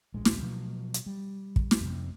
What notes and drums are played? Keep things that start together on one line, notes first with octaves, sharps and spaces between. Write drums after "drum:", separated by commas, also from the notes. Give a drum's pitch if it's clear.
D1 A#1 G#3
drum: snare
B2 F3 F#3
drum: hi-hat
G3
drum: kick
drum: snare
F2 C3